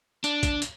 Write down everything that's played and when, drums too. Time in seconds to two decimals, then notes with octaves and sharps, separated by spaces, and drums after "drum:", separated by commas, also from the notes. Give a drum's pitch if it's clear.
0.24 D4, drum: hi-hat
0.43 drum: kick, hi-hat
0.62 drum: hi-hat